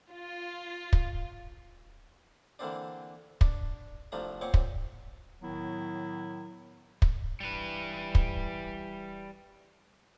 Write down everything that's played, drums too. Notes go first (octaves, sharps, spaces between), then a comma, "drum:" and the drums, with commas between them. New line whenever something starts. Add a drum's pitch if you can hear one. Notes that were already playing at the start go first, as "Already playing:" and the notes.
F4
drum: kick
D3 E3 A#3 C4 D4
D4, drum: kick
C2 F3 A3 D4 A#5
A#2 C4 C#5 F#5 D6
drum: kick
A2 D#3 F#3 B3 E4
drum: kick
E3 G3 B4
drum: kick